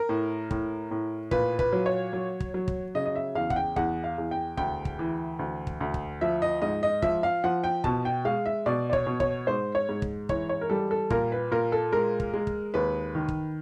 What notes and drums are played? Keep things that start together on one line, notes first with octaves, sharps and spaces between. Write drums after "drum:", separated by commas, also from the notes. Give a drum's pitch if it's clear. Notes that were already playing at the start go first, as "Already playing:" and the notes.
Already playing: A#4
A2
A2, drum: kick
A2
A#2 B4, drum: kick
B4, drum: kick
F#3
C#5
F#3
drum: kick
F#3
drum: kick
C#3 D#5
D#5
E5
E2 F5
F#5, drum: kick
G5
E2 F#5, drum: kick
F5
E2
G5
D2 G5, drum: kick
drum: kick
E3
D2
drum: kick
D2
drum: kick
F3 E5
D#5
G#2 D#5
D#5
F3 E5, drum: kick
F5
F3 F#5
G5
B2 A5, drum: kick
G5
G#3 F5
E5
B2 D5
D5
C#5, drum: kick
B2
C#5, drum: kick
G#2 C5
C#5
G#2
drum: kick
E3 C#5, drum: kick
C#5
A#4
G3 A4
A4
A#2 A#4, drum: kick
B4
A#2 A#4
A4
G#3 A#4
drum: kick
G#3
drum: kick
D#2 B4
D#3
drum: kick